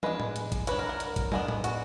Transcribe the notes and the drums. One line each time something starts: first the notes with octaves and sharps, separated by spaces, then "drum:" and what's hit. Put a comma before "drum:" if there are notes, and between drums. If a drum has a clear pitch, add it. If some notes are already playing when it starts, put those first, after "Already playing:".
G#3 D4 B4, drum: tom
drum: tom A2
drum: hi-hat
drum: kick G#1, hi-hat
F#3 D4 B4, drum: hi-hat
A#4
A#4
drum: hi-hat
drum: kick G#1, hi-hat
G#3 B3 D4, drum: tom
drum: tom A2
F#4, drum: hi-hat